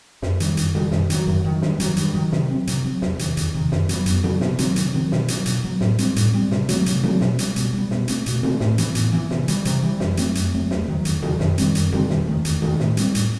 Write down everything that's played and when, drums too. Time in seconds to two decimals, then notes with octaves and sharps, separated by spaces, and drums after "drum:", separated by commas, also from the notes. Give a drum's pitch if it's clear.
0.22 F#2, drum: snare
0.40 D#3 G3, drum: hi-hat
0.57 F#2, drum: hi-hat
0.75 D#3 G3, drum: tom B2
0.92 F#2, drum: snare
1.10 D#3 F#3, drum: hi-hat
1.27 F#2
1.44 D#3 F#3
1.62 G2, drum: snare
1.80 D#3 F#3, drum: hi-hat
1.97 G2, drum: hi-hat
2.15 D#3 F#3
2.32 C3, drum: snare
2.49 F#3 C4
2.67 C3, drum: hi-hat
2.84 F#3 C4
3.02 E2, drum: snare
3.19 C3 D#3, drum: hi-hat
3.37 E2, drum: hi-hat
3.54 C3 D#3
3.72 F#2, drum: snare
3.89 F#3 B3, drum: hi-hat
4.06 F#2, drum: hi-hat
4.24 F#3 B3, drum: tom B2
4.41 C3, drum: snare
4.58 D#3 F#3 C4, drum: hi-hat
4.76 C3, drum: hi-hat
4.94 D#3 F#3 C4
5.12 B2, drum: snare
5.28 F#3 B3, drum: hi-hat
5.46 B2, drum: hi-hat
5.64 F#3 B3
5.81 A2, drum: snare
5.98 G3 C4, drum: hi-hat
6.16 A2, drum: hi-hat
6.34 G3 C4
6.51 C3, drum: snare
6.69 F#3 A3 C4, drum: hi-hat
6.86 C3, drum: hi-hat
7.03 F#3 A3 C4, drum: tom B2
7.21 B2, drum: snare
7.39 G3 B3, drum: hi-hat
7.56 B2, drum: hi-hat
7.73 G3 B3
7.91 B2, drum: snare
8.08 A3 C4, drum: hi-hat
8.26 B2, drum: hi-hat
8.43 A3 C4, drum: tom B2
8.60 A2, drum: snare
8.78 E3 B3, drum: hi-hat
8.95 A2, drum: hi-hat
9.13 E3 B3
9.31 C3, drum: snare
9.48 E3 G3, drum: hi-hat
9.65 C3, drum: hi-hat
9.83 E3 G3
10.00 F#2, drum: snare
10.17 F#3 A3 C4, drum: hi-hat
10.35 F#2, drum: hi-hat
10.53 F#3 A3 C4
10.71 E2, drum: snare
10.88 D#3 F#3
11.05 E2, drum: hi-hat
11.22 D#3 F#3, drum: tom B2
11.40 F#2, drum: snare
11.58 D#3 G3 C4, drum: hi-hat
11.75 F#2, drum: hi-hat
11.92 D#3 G3 C4, drum: tom B2
12.10 E2, drum: snare
12.27 D#3 A3
12.45 E2, drum: hi-hat
12.62 D#3 A3, drum: tom B2
12.80 A2, drum: snare
12.97 G3 C4, drum: hi-hat
13.15 A2, drum: hi-hat